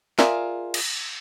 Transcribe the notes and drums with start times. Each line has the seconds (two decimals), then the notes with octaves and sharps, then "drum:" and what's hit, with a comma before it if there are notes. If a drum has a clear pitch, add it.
0.19 F4 G#4 A#4 D5 E5, drum: snare
0.74 drum: cymbal